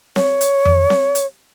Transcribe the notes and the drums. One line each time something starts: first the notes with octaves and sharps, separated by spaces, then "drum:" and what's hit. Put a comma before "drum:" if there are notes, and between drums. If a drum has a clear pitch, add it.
C#5, drum: snare C4
drum: hi-hat
drum: tom F2
drum: snare C4
drum: hi-hat